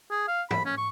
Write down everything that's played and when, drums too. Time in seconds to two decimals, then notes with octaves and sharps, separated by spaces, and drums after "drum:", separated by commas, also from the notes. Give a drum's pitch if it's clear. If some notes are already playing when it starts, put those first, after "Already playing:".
0.11 G#4
0.28 F5
0.51 B5, drum: tom
0.65 C#4
0.77 C#6